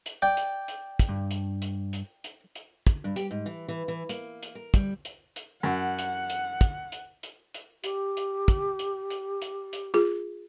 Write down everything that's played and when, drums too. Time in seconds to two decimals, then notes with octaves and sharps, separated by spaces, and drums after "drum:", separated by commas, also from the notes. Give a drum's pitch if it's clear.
0.06 drum: hi-hat
0.22 D5 G5
0.37 drum: hi-hat
0.68 drum: hi-hat
0.99 drum: kick, hi-hat
1.09 G2
1.31 drum: hi-hat
1.62 drum: hi-hat
1.93 drum: hi-hat
2.24 drum: hi-hat
2.55 drum: hi-hat
2.87 drum: kick, hi-hat
3.04 G2
3.16 G4, drum: hi-hat
3.31 G#2
3.46 E3
3.68 E3
3.88 E3
4.09 A#3, drum: hi-hat
4.43 drum: hi-hat
4.55 A#4
4.74 G3, drum: kick, hi-hat
5.05 drum: hi-hat
5.36 drum: hi-hat
5.63 F#2 F#5
5.99 drum: hi-hat
6.30 drum: hi-hat
6.61 drum: kick, hi-hat
6.92 drum: hi-hat
7.23 drum: hi-hat
7.54 drum: hi-hat
7.84 G4, drum: hi-hat
8.17 drum: hi-hat
8.48 drum: kick, hi-hat
8.79 drum: hi-hat
9.10 drum: hi-hat
9.42 drum: hi-hat
9.73 drum: hi-hat
9.94 F4 G#4